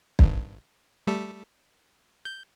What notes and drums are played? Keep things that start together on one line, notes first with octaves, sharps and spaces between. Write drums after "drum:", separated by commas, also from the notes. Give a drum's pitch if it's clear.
G#1 G2, drum: kick
G3 A3 A4
G6